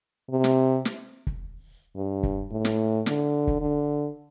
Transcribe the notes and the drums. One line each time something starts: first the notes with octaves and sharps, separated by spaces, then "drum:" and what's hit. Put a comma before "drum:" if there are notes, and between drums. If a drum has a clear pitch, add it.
C3
drum: snare
drum: snare
drum: kick
G2
drum: kick
A2
drum: snare
D3, drum: snare
drum: kick
D3